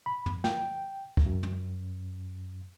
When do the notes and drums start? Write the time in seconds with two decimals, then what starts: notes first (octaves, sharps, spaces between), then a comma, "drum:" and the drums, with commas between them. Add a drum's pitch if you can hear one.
0.06 B5
0.26 drum: tom
0.44 G5, drum: snare
1.17 drum: kick
1.26 F#2
1.43 drum: tom